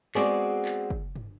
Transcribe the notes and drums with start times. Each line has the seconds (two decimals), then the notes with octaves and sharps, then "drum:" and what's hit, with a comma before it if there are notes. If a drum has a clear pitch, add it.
0.15 G#3 B3 C4 F#4 G#4 D5, drum: clap
0.65 drum: clap
0.90 drum: kick
1.16 drum: tom G2